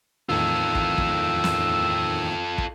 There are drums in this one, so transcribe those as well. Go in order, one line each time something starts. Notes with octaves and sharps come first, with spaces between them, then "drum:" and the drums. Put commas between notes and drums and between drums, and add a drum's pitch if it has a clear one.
E2 A2 D#3 F4 A4 E6
drum: kick
drum: kick
drum: snare
drum: kick